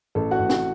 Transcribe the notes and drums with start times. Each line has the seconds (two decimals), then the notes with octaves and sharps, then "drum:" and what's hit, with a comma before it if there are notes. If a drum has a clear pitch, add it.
0.15 A1 A4
0.31 F#4 F#5
0.39 A1
0.49 drum: snare C4